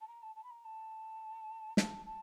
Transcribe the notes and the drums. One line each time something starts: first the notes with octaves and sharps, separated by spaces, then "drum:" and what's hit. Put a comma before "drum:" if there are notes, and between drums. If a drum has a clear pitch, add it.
A5
A#5
A5
A5
B5
A#5
A5
A5, drum: snare
A5